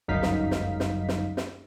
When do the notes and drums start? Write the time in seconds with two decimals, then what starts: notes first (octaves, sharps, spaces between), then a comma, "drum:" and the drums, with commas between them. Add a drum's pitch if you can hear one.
0.08 G1 C#2 F#2 D#4 F5 B6
0.23 drum: snare
0.51 drum: snare
0.80 drum: snare
1.08 drum: snare
1.37 drum: snare